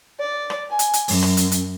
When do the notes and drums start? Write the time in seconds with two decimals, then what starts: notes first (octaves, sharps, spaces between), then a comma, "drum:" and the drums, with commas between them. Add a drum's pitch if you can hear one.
0.19 D5
0.50 drum: rim click
0.69 G#5
0.79 drum: hi-hat
0.93 drum: hi-hat
1.08 F#2, drum: open hi-hat
1.23 drum: rim click
1.37 drum: hi-hat
1.52 drum: hi-hat